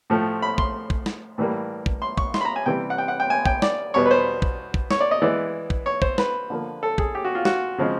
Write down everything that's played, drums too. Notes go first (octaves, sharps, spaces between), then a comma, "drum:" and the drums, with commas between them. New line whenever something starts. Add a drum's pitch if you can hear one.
A2 F3 A3
B5
C6, drum: kick
drum: kick
drum: snare
A2 E3 G3 A#3
drum: kick
C6
C#6, drum: kick
C6, drum: snare
B5
A#5
G#5
C3 E3 G3 G5
F#5
G5
F#5
G5
G#5
G5, drum: kick
D5, drum: snare
E2 B2 G3 B3 C#5
B4
C5
drum: kick
drum: kick
C#5, drum: snare
D5
D#5
E3 G#3 B3 E4 D5
drum: kick
C#5
C5, drum: kick
B4, drum: snare
D3 F3 A#3
A4
G#4, drum: kick
G4
F#4
F4
F#4, drum: snare
C#3 F3 G#3 C4